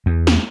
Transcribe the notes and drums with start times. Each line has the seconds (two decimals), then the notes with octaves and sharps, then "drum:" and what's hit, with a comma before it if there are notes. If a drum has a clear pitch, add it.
0.06 E2
0.27 drum: snare